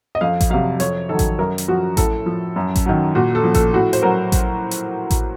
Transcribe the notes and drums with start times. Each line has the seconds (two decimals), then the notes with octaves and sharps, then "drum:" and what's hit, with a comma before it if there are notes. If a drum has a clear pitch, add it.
0.15 D#5
0.21 F2 F5
0.41 drum: kick A1, hi-hat
0.50 C3 F#3 F5
0.80 F2 C#5, drum: hi-hat
1.09 D#3 F#3 A4
1.19 drum: kick A1, hi-hat
1.39 F#2 A#4
1.58 drum: hi-hat
1.68 F3 F#4
1.97 A2 A4, drum: kick A1, hi-hat
2.26 F3
2.56 F#2
2.76 drum: kick A1, hi-hat
2.86 D#3 F#3
3.15 A#2 F#4
3.35 A4
3.44 F3
3.54 A4, drum: kick A1, hi-hat
3.73 A2 F#4
3.93 C5, drum: hi-hat
4.03 F#3 A#4
4.32 drum: kick A1, hi-hat
4.71 drum: hi-hat
5.11 drum: kick A1, hi-hat